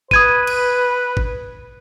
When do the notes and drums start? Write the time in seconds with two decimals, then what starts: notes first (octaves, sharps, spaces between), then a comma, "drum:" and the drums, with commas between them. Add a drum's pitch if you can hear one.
0.11 B4 D#6 G#6 D#7, drum: kick
0.47 drum: cymbal
1.17 drum: kick